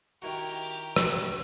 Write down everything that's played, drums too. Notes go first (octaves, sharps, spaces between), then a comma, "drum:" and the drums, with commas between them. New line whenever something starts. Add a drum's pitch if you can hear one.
D#3 E4 F#4 G4 A#4
drum: rim click